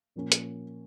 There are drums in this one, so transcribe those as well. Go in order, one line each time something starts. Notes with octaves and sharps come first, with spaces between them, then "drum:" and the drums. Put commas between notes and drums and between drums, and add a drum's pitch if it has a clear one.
A#2 F3 A#3 C#4
drum: hi-hat